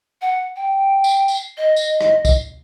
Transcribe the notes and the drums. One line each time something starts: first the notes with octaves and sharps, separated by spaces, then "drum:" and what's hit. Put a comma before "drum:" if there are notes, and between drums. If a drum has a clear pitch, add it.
F#5
G5
drum: tambourine
drum: tambourine
D#5
drum: tambourine
drum: rim click
drum: kick, tambourine